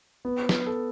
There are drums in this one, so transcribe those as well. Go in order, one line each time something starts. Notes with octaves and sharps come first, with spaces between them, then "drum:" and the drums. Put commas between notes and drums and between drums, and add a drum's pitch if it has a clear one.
B3
drum: snare
A4